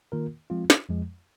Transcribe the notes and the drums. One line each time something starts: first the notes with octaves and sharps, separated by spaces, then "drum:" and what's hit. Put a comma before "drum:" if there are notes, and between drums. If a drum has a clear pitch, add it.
D#3 A#3 F4 A#4
F3 G#3 C4 F4
drum: snare
F2 F3 G#3